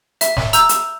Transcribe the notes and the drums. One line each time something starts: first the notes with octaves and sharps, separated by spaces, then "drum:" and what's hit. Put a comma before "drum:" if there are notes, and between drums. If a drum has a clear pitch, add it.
E5, drum: hi-hat
drum: snare
A#5 E6 G6, drum: hi-hat
drum: hi-hat